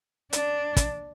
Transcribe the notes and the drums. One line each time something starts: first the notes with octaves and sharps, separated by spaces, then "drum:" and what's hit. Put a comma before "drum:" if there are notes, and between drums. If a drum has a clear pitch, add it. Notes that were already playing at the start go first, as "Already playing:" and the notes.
D4, drum: hi-hat
drum: kick, hi-hat